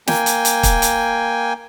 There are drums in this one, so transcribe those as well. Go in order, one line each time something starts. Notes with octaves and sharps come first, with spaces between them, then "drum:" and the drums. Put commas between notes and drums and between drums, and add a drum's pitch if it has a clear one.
A#3 G5 G#5, drum: snare
drum: hi-hat
drum: hi-hat
drum: kick, hi-hat
drum: hi-hat